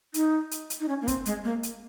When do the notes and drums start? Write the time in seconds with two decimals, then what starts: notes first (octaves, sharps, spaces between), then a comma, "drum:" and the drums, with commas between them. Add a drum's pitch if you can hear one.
0.14 D#4, drum: hi-hat
0.51 drum: hi-hat
0.70 drum: hi-hat
0.80 D#4
0.88 C#4
1.02 A#3
1.08 C4, drum: kick, hi-hat
1.26 G#3, drum: hi-hat
1.44 A#3
1.63 drum: hi-hat